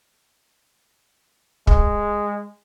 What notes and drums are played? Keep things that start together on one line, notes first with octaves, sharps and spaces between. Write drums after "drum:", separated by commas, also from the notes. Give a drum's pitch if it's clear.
G#3, drum: kick